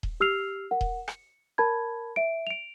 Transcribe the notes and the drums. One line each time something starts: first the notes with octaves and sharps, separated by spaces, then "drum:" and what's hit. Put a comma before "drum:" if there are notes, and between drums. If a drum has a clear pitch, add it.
drum: kick D#1
G4 E6 F6 C7 F7
A#4 F#5
drum: kick D#1
C#7, drum: rim click
A#4 A5 B5 G#6
E5 D7
D7 F7